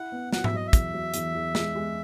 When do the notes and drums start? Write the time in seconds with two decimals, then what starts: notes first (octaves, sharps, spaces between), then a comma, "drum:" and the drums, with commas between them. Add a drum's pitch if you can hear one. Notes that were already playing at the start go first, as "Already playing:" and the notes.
Already playing: E4 F#5
0.12 B3
0.33 F#3 F#5, drum: snare
0.44 E5, drum: tom G#2
0.53 F#3 D#5
0.67 E5
0.73 E2, drum: kick, hi-hat
0.94 F#3
1.14 E2, drum: hi-hat
1.34 E2
1.55 G#3, drum: snare
1.75 G#3